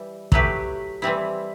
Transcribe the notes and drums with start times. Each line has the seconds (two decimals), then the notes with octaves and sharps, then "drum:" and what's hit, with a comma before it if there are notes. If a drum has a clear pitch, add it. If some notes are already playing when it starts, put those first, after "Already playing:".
Already playing: E3 G3 E4
0.32 F#3 A3 E4 G4 B4, drum: kick
1.02 E3 G3 C4 E4